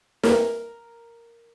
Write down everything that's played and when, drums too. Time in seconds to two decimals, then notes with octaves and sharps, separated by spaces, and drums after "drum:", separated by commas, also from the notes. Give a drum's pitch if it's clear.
0.23 A#4, drum: snare